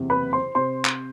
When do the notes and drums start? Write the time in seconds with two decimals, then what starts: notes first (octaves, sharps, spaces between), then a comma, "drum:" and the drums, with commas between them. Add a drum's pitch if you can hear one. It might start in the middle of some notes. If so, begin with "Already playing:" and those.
Already playing: F#1 E2 C3
0.10 B4 B5
0.33 C5 C6
0.55 C3 C5 C6
0.85 drum: clap